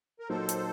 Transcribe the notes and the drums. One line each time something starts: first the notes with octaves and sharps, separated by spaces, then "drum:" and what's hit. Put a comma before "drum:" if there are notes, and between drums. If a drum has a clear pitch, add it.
A#4
A#2 F#3 A#3 D#4 A4 C5
drum: hi-hat